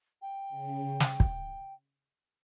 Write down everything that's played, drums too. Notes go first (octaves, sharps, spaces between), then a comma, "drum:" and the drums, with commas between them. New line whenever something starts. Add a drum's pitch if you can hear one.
G5
C#3
drum: snare
drum: kick